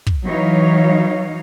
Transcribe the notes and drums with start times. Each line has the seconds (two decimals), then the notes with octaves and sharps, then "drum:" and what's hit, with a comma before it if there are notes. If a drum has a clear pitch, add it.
0.07 drum: kick
0.25 E3 F#3 D#4 C#5 F5